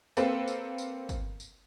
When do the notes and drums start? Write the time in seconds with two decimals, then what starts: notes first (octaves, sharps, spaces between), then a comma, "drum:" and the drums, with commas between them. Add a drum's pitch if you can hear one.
0.17 A#3 C4 A4 B4, drum: tambourine
0.48 drum: tambourine
0.78 drum: tambourine
1.09 drum: kick, tambourine
1.40 drum: tambourine